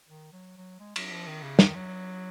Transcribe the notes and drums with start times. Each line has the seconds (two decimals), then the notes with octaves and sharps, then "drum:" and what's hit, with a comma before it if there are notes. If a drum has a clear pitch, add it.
0.09 D#3
0.33 F#3
0.57 F#3
0.80 G#3
0.96 F#3, drum: cymbal
1.11 F3
1.27 D#3
1.43 C#3
1.59 D#3, drum: snare
1.75 F#3